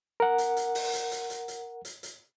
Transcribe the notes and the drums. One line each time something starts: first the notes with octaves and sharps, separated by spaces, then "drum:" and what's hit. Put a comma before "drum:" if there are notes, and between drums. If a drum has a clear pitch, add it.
A#4 F#5
drum: hi-hat
drum: hi-hat
drum: open hi-hat
drum: hi-hat
drum: hi-hat
drum: hi-hat
drum: hi-hat
drum: hi-hat
drum: hi-hat